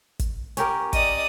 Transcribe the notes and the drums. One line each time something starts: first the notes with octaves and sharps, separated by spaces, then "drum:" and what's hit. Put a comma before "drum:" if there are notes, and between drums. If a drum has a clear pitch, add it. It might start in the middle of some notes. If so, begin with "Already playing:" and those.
drum: kick, hi-hat
C#4 G4 A#4, drum: hi-hat
D5 D#5 D#6, drum: kick, hi-hat